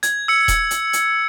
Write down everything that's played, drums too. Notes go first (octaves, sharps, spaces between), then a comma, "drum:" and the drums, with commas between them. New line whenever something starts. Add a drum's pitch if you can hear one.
G#6, drum: hi-hat
E6 C#7
drum: kick D#1, hi-hat
drum: hi-hat
drum: hi-hat